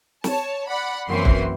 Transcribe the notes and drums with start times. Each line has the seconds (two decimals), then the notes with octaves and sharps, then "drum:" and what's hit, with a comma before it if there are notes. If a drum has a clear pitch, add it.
0.24 C#5 A5, drum: snare
0.67 D5 F#5 B5
1.08 F#2 E3 A#3 C4 F#4 C6
1.25 drum: kick